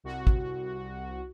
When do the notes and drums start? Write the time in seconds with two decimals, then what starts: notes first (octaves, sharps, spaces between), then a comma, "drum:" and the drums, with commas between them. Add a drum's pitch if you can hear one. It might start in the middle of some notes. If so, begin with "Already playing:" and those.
0.04 C2 F#4
0.27 drum: kick